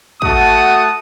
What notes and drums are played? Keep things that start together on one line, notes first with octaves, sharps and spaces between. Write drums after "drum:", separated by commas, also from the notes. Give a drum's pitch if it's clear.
A3 F#4 F#5 A5 D#6, drum: kick